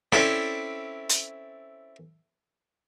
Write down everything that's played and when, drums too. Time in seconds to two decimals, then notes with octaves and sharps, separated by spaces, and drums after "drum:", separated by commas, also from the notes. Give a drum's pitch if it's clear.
0.12 C4 C#4 E4 A4 D5, drum: rim click
1.09 drum: hi-hat